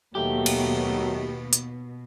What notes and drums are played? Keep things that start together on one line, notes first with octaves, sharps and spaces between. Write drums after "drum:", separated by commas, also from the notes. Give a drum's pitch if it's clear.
D#2 B2 D#3 F#3 A3 G4
drum: cymbal
drum: hi-hat